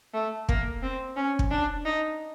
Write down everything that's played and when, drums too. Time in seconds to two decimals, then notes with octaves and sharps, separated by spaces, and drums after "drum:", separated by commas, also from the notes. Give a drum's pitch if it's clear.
0.14 A3
0.49 A#3, drum: kick
0.83 C4
1.16 C#4
1.39 drum: kick
1.51 D4
1.85 D#4